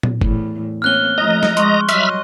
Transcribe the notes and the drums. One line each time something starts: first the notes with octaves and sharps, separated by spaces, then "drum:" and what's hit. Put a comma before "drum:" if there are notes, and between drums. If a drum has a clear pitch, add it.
drum: tom A#2
E2 A2, drum: kick
A#3 C4 C#4 F6 F#6 G7
F3 A3 D#5 A#5
drum: snare
G#3 C6 C#6, drum: hi-hat
F#3 G3 D#5 E5 B5 F6, drum: hi-hat